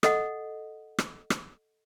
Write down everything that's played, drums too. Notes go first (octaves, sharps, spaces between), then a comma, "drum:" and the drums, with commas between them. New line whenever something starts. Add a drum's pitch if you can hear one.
A4 D#5 F#5, drum: rim click
drum: rim click
drum: rim click